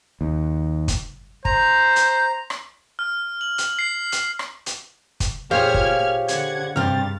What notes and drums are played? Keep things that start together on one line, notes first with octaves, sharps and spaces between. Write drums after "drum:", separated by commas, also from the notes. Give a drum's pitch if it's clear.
D#2
drum: kick, hi-hat
C5 A#5, drum: kick
drum: hi-hat
drum: rim click
F6
F#7
drum: hi-hat
C7
drum: hi-hat
drum: rim click
drum: hi-hat
drum: kick, hi-hat
A#2 G4 G#4 C5 C#5 F5 F6 G#6
drum: kick
D3 F#5 G#6, drum: hi-hat
G2 C3 C4 F6 A6